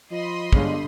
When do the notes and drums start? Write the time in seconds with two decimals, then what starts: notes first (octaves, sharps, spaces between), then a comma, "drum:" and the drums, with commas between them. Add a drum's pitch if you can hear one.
0.11 F3 D#5 B5 C6
0.52 G1 G2 D3 G#3 C#5 F5, drum: kick